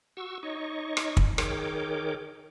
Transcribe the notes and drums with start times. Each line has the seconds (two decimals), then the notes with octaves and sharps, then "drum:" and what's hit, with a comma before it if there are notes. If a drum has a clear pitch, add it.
0.17 F#4 C#6 E6
0.43 D#4 C#5 D#5 C#6
0.97 drum: rim click
1.17 drum: kick
1.38 D#3 G#4 A#4 C#5 G5 D6, drum: rim click